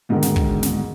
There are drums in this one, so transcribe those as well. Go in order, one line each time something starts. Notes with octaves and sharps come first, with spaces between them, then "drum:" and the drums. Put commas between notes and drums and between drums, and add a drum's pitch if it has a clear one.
E2 G#2 B2 D3 D#3
drum: snare
drum: kick
drum: snare